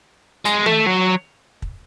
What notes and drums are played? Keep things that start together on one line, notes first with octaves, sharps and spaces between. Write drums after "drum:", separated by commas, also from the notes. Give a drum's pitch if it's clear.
G#3, drum: hi-hat
A3, drum: tom
F#3
drum: kick